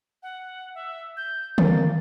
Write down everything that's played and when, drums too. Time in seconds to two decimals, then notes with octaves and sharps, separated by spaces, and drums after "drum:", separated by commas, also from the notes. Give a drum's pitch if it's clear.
0.23 F#5
0.75 E5
1.17 G6
1.58 A#3 A6, drum: tom D3